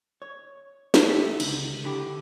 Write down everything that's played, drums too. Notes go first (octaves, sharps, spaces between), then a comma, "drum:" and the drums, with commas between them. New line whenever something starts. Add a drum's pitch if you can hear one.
C#5
drum: snare
D#4 G4 A4 D#5 E5
C#2 D3, drum: cymbal
D3 E4 G4